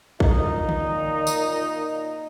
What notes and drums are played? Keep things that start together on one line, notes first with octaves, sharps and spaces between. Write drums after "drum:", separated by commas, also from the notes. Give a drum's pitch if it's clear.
A#2 D#4, drum: kick
drum: tom D3
drum: tambourine